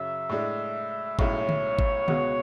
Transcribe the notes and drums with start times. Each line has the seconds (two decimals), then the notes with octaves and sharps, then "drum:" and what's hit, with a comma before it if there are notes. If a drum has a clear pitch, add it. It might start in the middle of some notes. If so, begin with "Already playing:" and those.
Already playing: F#2 C#3 F#3 E5
0.29 A2 G#3 D4
1.19 B1 A2 G#3 C#4 E4 C#5, drum: kick G#1
1.49 drum: tom D3
1.79 drum: kick G#1
2.08 C#2 B2 G#3 B3 F#4, drum: tom D3